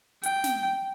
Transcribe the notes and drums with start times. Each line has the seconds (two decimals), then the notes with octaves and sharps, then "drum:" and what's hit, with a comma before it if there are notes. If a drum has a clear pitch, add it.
0.23 G5, drum: hi-hat
0.44 drum: snare